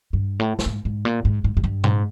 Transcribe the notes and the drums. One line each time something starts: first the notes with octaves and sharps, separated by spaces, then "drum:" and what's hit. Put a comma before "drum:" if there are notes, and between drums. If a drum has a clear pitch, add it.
G2
A2
A2, drum: snare
G#2
G#2
A#2
G#2
G#2
G#2
G2
G#2, drum: tom A#2